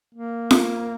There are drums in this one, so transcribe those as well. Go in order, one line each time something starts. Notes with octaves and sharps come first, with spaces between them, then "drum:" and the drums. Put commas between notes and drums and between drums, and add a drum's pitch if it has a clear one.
A#3
drum: snare F4